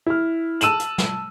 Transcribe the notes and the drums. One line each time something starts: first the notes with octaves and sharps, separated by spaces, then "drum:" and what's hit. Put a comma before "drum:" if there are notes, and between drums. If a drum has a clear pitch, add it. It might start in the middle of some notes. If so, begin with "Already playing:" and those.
E4 F6
A5 E6 D#7 E7 F#7, drum: hi-hat
drum: hi-hat
drum: snare